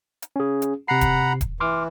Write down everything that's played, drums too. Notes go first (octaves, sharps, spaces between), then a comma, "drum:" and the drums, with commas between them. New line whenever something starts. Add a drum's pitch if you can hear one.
drum: hi-hat
C#4 G#4
drum: hi-hat
C3 F#5 A#5 B5 C7
drum: kick D#1, hi-hat
drum: kick D#1, hi-hat
E3 C6 D6 F6